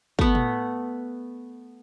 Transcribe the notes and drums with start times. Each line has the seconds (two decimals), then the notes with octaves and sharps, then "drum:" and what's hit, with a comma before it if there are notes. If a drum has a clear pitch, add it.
0.19 A3 B3, drum: kick
0.35 drum: tom